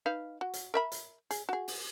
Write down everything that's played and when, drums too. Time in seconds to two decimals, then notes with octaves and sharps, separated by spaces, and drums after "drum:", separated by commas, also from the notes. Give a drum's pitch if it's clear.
0.06 D#4 B4 F5
0.41 F#4
0.54 drum: hi-hat
0.74 A#4 E5 B5
0.92 drum: hi-hat
1.31 G#4, drum: hi-hat
1.49 F#4 G#4
1.68 drum: open hi-hat